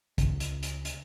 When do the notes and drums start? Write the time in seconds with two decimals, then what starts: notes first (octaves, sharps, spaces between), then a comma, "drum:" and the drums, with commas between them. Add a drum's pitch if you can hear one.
0.18 C#2, drum: kick, hi-hat
0.40 drum: hi-hat
0.63 drum: hi-hat
0.85 drum: hi-hat